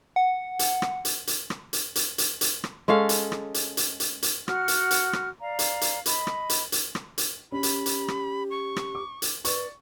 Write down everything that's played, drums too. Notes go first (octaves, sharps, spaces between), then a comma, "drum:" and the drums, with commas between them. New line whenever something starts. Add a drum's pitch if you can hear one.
F#5
drum: hi-hat
drum: rim click
drum: hi-hat
drum: hi-hat
drum: rim click
drum: hi-hat
drum: hi-hat
drum: hi-hat
drum: hi-hat
drum: rim click
G#3 C#4 A4 F5
drum: hi-hat
drum: rim click
drum: hi-hat
drum: hi-hat
drum: hi-hat
drum: hi-hat
F#4 F#5 F6, drum: rim click
drum: hi-hat
drum: hi-hat
drum: rim click
D5 F5 A#5
drum: hi-hat
drum: hi-hat
D#5 B5, drum: hi-hat
drum: rim click
drum: hi-hat
drum: hi-hat
drum: rim click
drum: hi-hat
C#4 G4 B5
drum: hi-hat
drum: hi-hat
drum: rim click
C#6
drum: rim click
D6
drum: hi-hat
B4 D5 C#6, drum: hi-hat